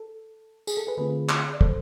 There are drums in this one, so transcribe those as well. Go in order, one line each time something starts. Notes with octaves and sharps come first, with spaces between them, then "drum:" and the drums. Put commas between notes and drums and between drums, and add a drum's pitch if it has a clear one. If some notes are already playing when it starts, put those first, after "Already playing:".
Already playing: A4
G#4, drum: tambourine
A4
G#4 B4
D3 A3 C4 F4 G#4 B4
drum: clap
D5
A4 C5, drum: kick